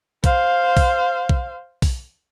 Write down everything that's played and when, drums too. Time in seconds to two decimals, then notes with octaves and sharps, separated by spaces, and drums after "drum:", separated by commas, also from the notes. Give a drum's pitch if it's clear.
0.24 C5 F5, drum: kick B1, hi-hat
0.77 drum: kick B1, open hi-hat
1.29 drum: kick B1
1.82 drum: kick B1, open hi-hat